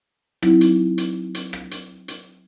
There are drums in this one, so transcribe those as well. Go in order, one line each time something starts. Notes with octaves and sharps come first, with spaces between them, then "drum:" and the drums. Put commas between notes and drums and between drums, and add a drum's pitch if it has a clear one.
F#3 C4 D#4 E4, drum: rim click
drum: hi-hat
drum: hi-hat
drum: hi-hat
drum: rim click
drum: hi-hat
drum: hi-hat